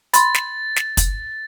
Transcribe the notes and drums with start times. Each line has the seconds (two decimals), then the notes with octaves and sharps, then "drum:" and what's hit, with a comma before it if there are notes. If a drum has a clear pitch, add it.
0.14 B5 C6 A6, drum: hi-hat
0.34 drum: snare
0.76 drum: snare
0.97 drum: kick, hi-hat